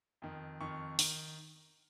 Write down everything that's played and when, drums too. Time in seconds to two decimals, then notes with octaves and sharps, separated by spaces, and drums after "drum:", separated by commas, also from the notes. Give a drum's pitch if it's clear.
0.22 F2 D#3
0.60 F2 D#3 C#6
0.99 D#3, drum: open hi-hat